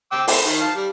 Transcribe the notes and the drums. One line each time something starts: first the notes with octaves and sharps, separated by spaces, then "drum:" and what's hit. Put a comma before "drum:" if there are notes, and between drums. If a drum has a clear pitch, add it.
G5 D6 E6
A3 C4 E4, drum: open hi-hat
D#3
F5 A5
G3